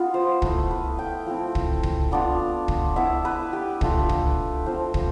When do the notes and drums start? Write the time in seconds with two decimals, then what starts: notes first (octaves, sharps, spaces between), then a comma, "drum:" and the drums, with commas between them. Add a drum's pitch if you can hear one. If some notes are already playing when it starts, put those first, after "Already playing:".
Already playing: B3 F4
0.14 C5
0.42 A3 E4 B4, drum: kick
0.71 B4
0.99 G5
1.26 F3 A3 C4 E4
1.55 drum: kick
1.83 drum: kick
2.12 B3 D4 F4
2.68 drum: kick
2.96 B3 E4 E5
3.25 B4
3.53 G4
3.81 A3 D4 F4 B4, drum: kick
4.09 drum: kick
4.66 F3 C4 F4 C5
4.94 drum: kick